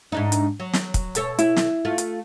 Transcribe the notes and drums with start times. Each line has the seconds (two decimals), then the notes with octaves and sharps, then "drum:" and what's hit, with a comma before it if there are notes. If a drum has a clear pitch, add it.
0.12 G#2 D4 D#4
0.32 drum: hi-hat
0.60 F#3
0.73 drum: snare
0.94 drum: kick, hi-hat
1.15 B2 A4 C#5, drum: hi-hat
1.39 E4, drum: hi-hat
1.56 drum: snare
1.85 A3 F4
1.98 drum: hi-hat